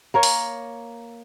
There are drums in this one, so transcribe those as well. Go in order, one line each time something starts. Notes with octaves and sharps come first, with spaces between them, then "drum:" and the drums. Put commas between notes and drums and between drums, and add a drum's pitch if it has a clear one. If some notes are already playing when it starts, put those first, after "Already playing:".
A#3 A#4 C#5
drum: open hi-hat